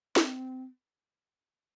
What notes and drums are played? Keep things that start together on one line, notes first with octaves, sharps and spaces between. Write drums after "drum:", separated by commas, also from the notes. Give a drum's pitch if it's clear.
C4, drum: snare